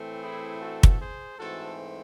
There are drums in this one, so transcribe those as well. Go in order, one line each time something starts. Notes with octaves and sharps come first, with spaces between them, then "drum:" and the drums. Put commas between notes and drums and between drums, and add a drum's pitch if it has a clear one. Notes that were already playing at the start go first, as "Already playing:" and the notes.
Already playing: A2 E3 A3 C4
E4 G#4
F#4 A4
drum: kick
G#4 C5
G#2 E3 A3 C4 F#4 A4